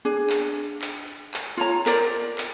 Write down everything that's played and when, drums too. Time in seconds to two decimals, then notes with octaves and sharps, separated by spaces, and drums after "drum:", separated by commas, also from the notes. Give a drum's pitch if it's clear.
0.05 D4 G#4
0.30 drum: clap
0.56 drum: hi-hat
0.82 drum: clap
1.08 drum: hi-hat
1.34 drum: clap
1.57 F4 C#5 A#5, drum: hi-hat
1.86 A#4 C5 D5, drum: clap
2.12 drum: hi-hat
2.38 drum: clap